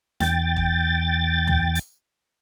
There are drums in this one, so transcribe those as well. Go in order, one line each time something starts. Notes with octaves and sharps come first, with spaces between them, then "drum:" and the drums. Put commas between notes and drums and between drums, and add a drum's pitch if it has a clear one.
E2 G5 A6, drum: snare
drum: kick
drum: tom
drum: hi-hat